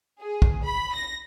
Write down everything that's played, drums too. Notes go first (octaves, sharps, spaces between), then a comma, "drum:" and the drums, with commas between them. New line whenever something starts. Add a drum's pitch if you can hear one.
G#4
drum: kick
B5
A#6